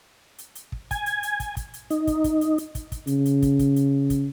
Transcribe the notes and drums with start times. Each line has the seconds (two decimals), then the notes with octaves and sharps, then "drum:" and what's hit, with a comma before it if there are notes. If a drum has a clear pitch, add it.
0.38 drum: hi-hat
0.55 drum: hi-hat
0.72 drum: kick
0.91 G#5, drum: kick, hi-hat
1.06 drum: hi-hat
1.23 drum: hi-hat
1.40 drum: kick, hi-hat
1.57 drum: kick, hi-hat
1.74 drum: hi-hat
1.90 D#4, drum: hi-hat
2.07 drum: kick, hi-hat
2.24 drum: kick, hi-hat
2.41 drum: hi-hat
2.58 drum: hi-hat
2.75 drum: kick, hi-hat
2.92 drum: kick, hi-hat
3.07 C#3, drum: hi-hat
3.26 drum: hi-hat
3.42 drum: kick, hi-hat
3.59 drum: kick, hi-hat
3.76 drum: hi-hat
4.10 drum: kick, hi-hat